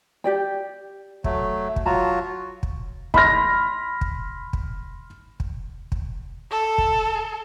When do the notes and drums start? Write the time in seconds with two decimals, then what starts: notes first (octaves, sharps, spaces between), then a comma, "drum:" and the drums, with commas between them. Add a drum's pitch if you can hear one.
0.24 G4 D5 G5
1.24 F#3 A3, drum: kick
1.76 drum: kick
1.86 F#3 F4 F#4 A5 A#5
2.63 drum: kick
3.14 B5 C6 F6 A#6, drum: kick
4.01 drum: kick
4.53 drum: kick
5.40 drum: kick
5.92 drum: kick
6.51 A4
6.78 drum: kick